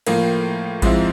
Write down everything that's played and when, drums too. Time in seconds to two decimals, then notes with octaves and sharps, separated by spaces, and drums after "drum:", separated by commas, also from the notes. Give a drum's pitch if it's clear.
0.06 A2 F3 A#3, drum: cymbal
0.82 G#2 F3 G#3 C4 E4, drum: kick A1, cymbal